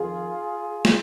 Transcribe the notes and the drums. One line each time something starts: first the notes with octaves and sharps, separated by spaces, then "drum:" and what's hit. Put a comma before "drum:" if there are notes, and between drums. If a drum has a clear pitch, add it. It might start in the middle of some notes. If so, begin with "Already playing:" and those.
Already playing: F2 D#3 F4 G#4
drum: snare